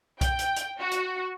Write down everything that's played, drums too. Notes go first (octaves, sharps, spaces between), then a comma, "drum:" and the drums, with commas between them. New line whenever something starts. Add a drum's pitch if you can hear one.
G5, drum: kick B1, hi-hat
drum: hi-hat
drum: hi-hat
F#4
drum: hi-hat